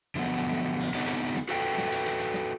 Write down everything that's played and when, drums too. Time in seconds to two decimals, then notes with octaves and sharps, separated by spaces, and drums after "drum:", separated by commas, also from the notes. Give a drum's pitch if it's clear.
0.15 D3 F3 F#3 A#3 B3
0.38 drum: hi-hat
0.52 drum: snare
0.80 drum: open hi-hat
0.94 D3 B3 C4 D#4 G4 C#5
1.08 drum: hi-hat
1.36 drum: snare
1.49 F#4 A4 B4 F5 G5, drum: hi-hat
1.78 drum: snare
1.92 drum: hi-hat
2.06 drum: hi-hat
2.20 drum: hi-hat
2.34 drum: snare